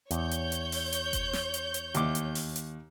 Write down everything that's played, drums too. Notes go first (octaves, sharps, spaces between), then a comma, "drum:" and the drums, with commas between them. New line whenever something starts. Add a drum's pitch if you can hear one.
E2 C#5 G6, drum: hi-hat
drum: hi-hat
drum: hi-hat
drum: open hi-hat
drum: hi-hat
drum: kick F#1, hi-hat
drum: snare
drum: hi-hat
drum: hi-hat
D#2 D6, drum: hi-hat
drum: hi-hat
drum: open hi-hat
drum: hi-hat